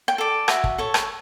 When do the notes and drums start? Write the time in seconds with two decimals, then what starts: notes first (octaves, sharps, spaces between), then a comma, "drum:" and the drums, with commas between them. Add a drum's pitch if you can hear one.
0.08 G5
0.18 A4 D5
0.48 F#4 E5, drum: rim click
0.64 drum: kick
0.78 A4 C#5
0.94 drum: rim click